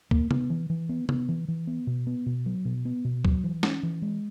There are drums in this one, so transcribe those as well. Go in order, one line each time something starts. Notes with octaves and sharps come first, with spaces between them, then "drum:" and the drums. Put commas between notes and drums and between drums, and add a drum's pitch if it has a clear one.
A#3, drum: kick C#2
B3, drum: tom C3
E3
E3
B3
B3, drum: tom C3
E3
E3
B3
B2
B3
B2
F#3
B2
B3
B2
F#3, drum: kick C#2
E3
C#4, drum: snare
E3
G#3